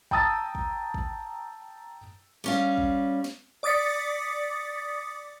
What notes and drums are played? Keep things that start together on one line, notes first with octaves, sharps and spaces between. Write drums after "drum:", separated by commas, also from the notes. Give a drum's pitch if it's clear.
G5 A5 A#5 D#6 E6 A6, drum: kick
drum: kick
drum: kick
G3 C#4 F5
drum: snare
drum: kick
drum: snare
D5 D6 D#6 A6 B6 C#7